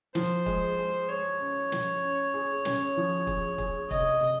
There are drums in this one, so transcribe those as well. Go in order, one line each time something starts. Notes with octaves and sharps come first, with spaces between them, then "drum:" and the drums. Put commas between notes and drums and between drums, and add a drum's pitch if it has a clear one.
F3 C5, drum: snare
G#3, drum: kick
G#3
G#3 C#5
C#4
F3, drum: snare
C#4
G#4
C#4, drum: snare
F3
G#4, drum: kick
G#4, drum: kick
C3 D#5, drum: kick
C3